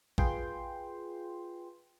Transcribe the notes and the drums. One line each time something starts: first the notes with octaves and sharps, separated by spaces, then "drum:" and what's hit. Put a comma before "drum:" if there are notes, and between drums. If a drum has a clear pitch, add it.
F4 G#4 B4 G5 C6, drum: kick A1